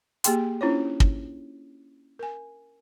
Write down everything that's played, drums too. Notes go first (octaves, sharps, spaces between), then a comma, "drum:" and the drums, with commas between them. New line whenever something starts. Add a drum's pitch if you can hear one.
A#3 G4 G#4 G5 C6, drum: hi-hat
C#4 D4 E4 F4 C5 C#5
drum: kick
A#4 G#5